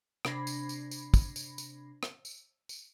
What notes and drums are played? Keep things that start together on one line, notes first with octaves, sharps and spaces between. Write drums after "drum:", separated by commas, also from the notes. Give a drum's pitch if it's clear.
C3 D4 B5 G#6 A#6 C7, drum: rim click
drum: tambourine
drum: tambourine
drum: tambourine
drum: kick, tambourine
drum: tambourine
drum: tambourine
drum: rim click
drum: tambourine
drum: tambourine